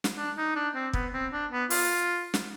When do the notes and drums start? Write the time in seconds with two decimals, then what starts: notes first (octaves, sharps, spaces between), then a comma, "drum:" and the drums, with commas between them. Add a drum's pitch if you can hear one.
0.04 drum: snare
0.18 D4
0.38 D#4
0.56 D4
0.75 C4
0.93 B3, drum: kick
1.13 C4
1.33 D4
1.52 B3
1.70 F4, drum: open hi-hat
2.34 drum: snare